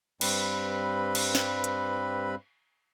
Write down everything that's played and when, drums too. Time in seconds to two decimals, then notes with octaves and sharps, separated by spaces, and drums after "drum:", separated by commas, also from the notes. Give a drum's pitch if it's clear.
0.21 G2 G3 C4 B4 B5, drum: cymbal
1.15 drum: cymbal
1.35 drum: snare
1.64 drum: hi-hat